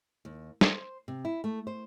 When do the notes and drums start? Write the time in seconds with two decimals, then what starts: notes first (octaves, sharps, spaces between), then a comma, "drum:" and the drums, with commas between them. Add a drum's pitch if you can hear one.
0.25 D#2
0.61 C5, drum: snare
1.08 C3
1.25 E4
1.44 A3
1.67 C5